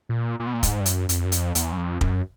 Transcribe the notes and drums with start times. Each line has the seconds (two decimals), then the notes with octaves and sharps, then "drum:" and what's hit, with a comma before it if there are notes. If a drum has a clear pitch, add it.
0.09 A#2
0.40 A#2
0.47 B2
0.54 A#2
0.63 G#2, drum: kick, hi-hat
0.80 G2
0.86 F#2, drum: hi-hat
1.09 F2, drum: hi-hat
1.25 F#2
1.32 F2, drum: hi-hat
1.55 E2, drum: hi-hat
1.72 F#2
1.78 F2
2.01 F#2, drum: kick